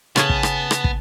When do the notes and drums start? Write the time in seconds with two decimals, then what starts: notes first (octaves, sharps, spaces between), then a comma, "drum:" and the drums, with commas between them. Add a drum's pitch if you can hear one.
0.16 C#3 B3 C#4 G#4 A5, drum: rim click
0.29 drum: kick
0.43 drum: rim click
0.71 drum: rim click
0.84 drum: kick